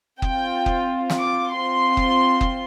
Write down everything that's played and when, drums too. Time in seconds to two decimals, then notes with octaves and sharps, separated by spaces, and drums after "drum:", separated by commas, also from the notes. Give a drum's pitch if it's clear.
0.22 C4 F4 G5, drum: kick
0.66 drum: kick
1.10 drum: snare
1.20 D6
1.53 C4 F4 C6
1.97 drum: kick
2.41 drum: kick